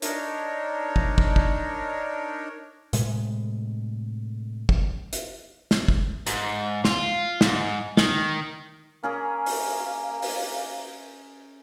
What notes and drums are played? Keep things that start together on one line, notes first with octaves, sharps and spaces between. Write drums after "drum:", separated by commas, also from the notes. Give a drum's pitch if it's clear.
D4 D#4 A#4 C#5, drum: hi-hat
drum: kick
drum: kick
drum: kick
A2 C3 G#3, drum: hi-hat
drum: kick
drum: hi-hat
drum: snare
drum: kick
G#2, drum: hi-hat
F4, drum: snare
G#2, drum: snare
D#3, drum: snare
A#3 C#4 G#4 A#4
drum: open hi-hat
drum: open hi-hat